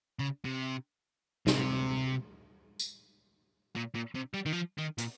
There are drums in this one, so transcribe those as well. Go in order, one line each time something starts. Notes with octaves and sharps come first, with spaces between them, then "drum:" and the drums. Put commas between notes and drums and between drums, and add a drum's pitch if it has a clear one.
C#3
C3
C3, drum: snare
drum: tambourine
A#2
A#2
C3
G3
D#3
F3
D#3
A#2, drum: hi-hat